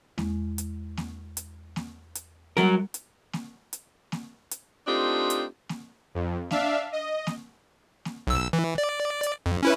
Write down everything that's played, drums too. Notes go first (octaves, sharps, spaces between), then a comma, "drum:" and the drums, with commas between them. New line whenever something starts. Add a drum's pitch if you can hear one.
E2 G#3, drum: snare A#3
drum: hi-hat
drum: snare A#3
drum: hi-hat
drum: snare A#3
drum: hi-hat
F#3 G3 A#4, drum: snare A#3
drum: hi-hat
drum: snare A#3
drum: hi-hat
drum: snare A#3
drum: hi-hat
A3 C4 D4 D#4 F4 G4
drum: hi-hat
drum: snare A#3
F2
D4 E5 F5, drum: snare A#3
D#5
drum: snare A#3
drum: snare A#3
B1 E6
E3
D5
drum: hi-hat
F2
C#4 E4 B4